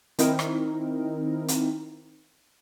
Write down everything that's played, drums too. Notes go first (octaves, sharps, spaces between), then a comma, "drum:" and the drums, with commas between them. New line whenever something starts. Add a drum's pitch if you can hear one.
D#3 C4 D#4 E4 A#4, drum: hi-hat
drum: rim click
drum: hi-hat